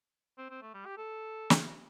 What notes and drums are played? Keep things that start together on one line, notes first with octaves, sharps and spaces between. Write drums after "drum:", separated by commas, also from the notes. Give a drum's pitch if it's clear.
C4
C4
A3
G3
G4
A4
drum: snare